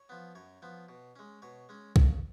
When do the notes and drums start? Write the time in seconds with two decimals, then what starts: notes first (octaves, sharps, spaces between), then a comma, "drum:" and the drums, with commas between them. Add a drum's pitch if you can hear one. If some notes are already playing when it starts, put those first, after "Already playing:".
Already playing: C#5
0.09 F3 B3
0.35 F#2 C#5
0.62 F3 B3
0.89 B2
1.16 G#3 C#4
1.42 B2 C#5
1.69 G#3 C#4
1.96 C#3, drum: kick B1